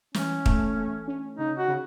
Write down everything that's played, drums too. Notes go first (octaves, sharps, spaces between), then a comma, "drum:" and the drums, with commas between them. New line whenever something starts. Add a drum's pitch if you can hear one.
E3 C#4, drum: snare
A3, drum: kick
A3
C#4
C#3 D#4
F#4
C#3